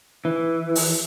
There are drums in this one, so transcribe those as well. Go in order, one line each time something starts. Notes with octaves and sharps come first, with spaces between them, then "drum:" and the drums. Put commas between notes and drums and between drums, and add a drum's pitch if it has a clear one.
E3
drum: open hi-hat